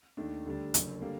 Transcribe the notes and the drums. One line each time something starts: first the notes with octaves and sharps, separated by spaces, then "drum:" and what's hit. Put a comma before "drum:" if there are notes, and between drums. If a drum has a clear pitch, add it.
D#2 D#3 A3 D4
D2 D3 G3 D4
F#1 F#2 D3, drum: hi-hat
D3 G3 A#3 D4